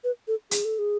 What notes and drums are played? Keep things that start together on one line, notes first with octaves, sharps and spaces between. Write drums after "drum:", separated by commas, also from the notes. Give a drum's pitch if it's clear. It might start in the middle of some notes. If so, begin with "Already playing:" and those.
B4
A4
G#4, drum: hi-hat
A4
G#4